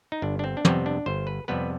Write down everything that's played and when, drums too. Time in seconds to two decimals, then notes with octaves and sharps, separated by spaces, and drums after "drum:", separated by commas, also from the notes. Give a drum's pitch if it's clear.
0.12 D#4
0.22 G1 D4
0.39 D4
0.44 C4
0.57 D4
0.65 F2 C3 G3 B3 C4, drum: tom
0.86 D4
1.06 G1 C5
1.27 B4
1.48 F2 C3 G3 B3 B4